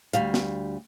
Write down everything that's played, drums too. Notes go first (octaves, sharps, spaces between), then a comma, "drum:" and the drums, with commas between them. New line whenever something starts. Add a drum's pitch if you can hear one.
D2 G3 F5, drum: hi-hat
drum: snare